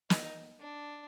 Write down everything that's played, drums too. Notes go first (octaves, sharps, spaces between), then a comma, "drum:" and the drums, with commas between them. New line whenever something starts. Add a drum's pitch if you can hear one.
D#4, drum: snare
D4